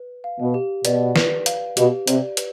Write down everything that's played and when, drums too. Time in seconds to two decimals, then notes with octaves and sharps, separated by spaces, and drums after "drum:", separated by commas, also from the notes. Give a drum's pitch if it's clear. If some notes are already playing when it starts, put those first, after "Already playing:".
Already playing: B4
0.24 F5
0.40 B2
0.54 G4
0.85 B2 D5, drum: hi-hat
1.16 B4, drum: snare
1.46 F5, drum: hi-hat
1.77 B2 G4, drum: hi-hat
2.07 C3 D5, drum: hi-hat
2.37 B4, drum: hi-hat